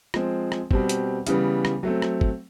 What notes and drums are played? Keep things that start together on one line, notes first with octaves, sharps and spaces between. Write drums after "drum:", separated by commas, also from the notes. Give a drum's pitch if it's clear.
F3 G#3 C4, drum: rim click
drum: rim click
B2 G3 C4, drum: kick
drum: hi-hat
C#3 E3 G3 B3, drum: hi-hat
drum: rim click
F#3 A3 C4
drum: rim click
drum: kick